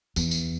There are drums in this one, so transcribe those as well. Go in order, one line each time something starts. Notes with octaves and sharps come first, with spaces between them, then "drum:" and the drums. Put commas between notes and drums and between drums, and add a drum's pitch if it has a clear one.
E2, drum: tambourine
drum: tambourine